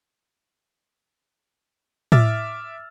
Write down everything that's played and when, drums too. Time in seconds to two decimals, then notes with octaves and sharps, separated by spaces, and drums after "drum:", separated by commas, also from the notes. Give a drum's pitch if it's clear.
2.12 E5 D6 E6 F6 A6, drum: tom A2